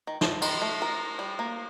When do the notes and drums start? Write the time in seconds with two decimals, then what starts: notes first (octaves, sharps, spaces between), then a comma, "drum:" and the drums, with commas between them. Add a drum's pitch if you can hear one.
0.07 D#3
0.21 A3, drum: snare
0.42 D#3, drum: cymbal
0.62 A3
0.82 A#4
1.19 G3
1.39 A#3